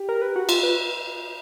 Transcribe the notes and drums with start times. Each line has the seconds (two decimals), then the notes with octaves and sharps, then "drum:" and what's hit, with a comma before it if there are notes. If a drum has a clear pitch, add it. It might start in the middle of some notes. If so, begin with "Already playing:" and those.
Already playing: G4
0.09 A#4
0.22 B4
0.36 F#4
0.49 F4, drum: cymbal
0.63 B4